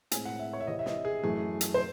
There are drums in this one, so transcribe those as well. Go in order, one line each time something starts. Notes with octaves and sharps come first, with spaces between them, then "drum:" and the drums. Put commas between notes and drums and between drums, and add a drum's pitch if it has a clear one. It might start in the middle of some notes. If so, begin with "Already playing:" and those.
A2 G#3 C4 G#5, drum: hi-hat
F#5
E5
C#5
E5
C3 E3 C4 D#5
E5
D#5, drum: snare
G#4
F#2 E3 A3 G#4
drum: hi-hat
C5